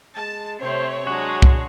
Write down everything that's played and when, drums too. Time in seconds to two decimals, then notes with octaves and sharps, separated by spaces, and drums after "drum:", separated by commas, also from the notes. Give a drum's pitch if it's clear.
0.17 G#3 A5
0.61 C3 A3 C4 C5 C#5
1.07 F#3 G#3 D4 F#4
1.42 drum: kick C2